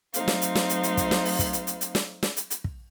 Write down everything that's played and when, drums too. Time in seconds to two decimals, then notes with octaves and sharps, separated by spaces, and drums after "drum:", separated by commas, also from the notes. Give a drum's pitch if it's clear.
0.14 F#3 A3 C4 D#4 C5 F5, drum: hi-hat
0.28 drum: snare
0.42 drum: hi-hat
0.55 drum: snare
0.69 drum: hi-hat
0.83 drum: hi-hat
0.97 drum: kick, hi-hat
1.11 drum: snare
1.25 drum: open hi-hat
1.39 drum: kick, hi-hat
1.53 drum: hi-hat
1.67 drum: hi-hat
1.81 drum: hi-hat
1.95 drum: snare
2.23 drum: snare
2.37 drum: hi-hat
2.50 drum: hi-hat
2.64 drum: kick